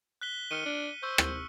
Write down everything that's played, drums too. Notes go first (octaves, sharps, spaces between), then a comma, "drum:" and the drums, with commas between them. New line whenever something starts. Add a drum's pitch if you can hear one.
F#6 B6 G7
D#3 F6 C#7 D#7
D4
C5 C#6 E6
drum: rim click